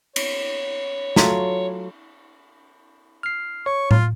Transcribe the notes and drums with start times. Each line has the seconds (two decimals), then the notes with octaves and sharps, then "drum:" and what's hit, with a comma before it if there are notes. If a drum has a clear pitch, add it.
0.16 C#5, drum: cymbal
1.16 F#3 A3 F4, drum: snare
3.23 F6 C7
3.66 C#5 C#6
3.91 F4, drum: tom A2